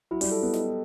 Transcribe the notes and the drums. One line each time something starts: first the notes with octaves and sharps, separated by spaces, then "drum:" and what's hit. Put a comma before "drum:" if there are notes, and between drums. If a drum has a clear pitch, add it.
F#3 E4
G3, drum: open hi-hat
A4
B3
D#5, drum: snare